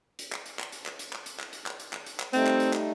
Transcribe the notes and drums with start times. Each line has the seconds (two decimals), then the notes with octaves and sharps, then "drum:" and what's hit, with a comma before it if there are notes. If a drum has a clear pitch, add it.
0.19 drum: hi-hat
0.32 drum: clap
0.46 drum: hi-hat
0.59 drum: clap
0.72 drum: hi-hat
0.86 drum: clap
0.99 drum: hi-hat
1.13 drum: clap
1.26 drum: hi-hat
1.39 drum: clap
1.53 drum: hi-hat
1.66 drum: clap
1.80 drum: hi-hat
1.93 drum: clap
2.06 drum: hi-hat
2.20 drum: clap
2.33 G3 A3 C4 D#4, drum: hi-hat
2.47 drum: clap
2.60 drum: hi-hat
2.73 drum: clap